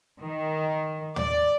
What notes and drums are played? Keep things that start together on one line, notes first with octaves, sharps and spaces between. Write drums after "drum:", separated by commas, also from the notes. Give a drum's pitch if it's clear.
D#3
D5, drum: tom